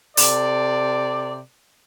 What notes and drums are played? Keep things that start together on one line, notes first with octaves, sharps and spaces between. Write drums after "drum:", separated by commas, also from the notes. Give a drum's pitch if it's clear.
C3 A4 D5, drum: open hi-hat